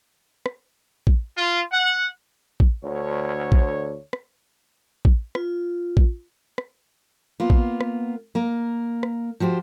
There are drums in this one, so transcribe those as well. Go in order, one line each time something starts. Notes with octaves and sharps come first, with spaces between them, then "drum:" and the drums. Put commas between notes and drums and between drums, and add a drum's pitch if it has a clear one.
drum: rim click
drum: kick
F4
F#5
drum: kick
D2 D3 C#5
drum: kick
drum: rim click
drum: kick
F4, drum: rim click
drum: kick
drum: rim click
A#3 B3 F4
drum: kick
drum: rim click
A#3 A#4
drum: rim click
F3 F#4 G4 C5